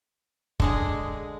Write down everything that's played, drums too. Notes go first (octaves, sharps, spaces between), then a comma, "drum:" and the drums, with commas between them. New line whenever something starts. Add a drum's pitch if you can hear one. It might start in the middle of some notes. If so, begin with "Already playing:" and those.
D3 G#3 G#4, drum: kick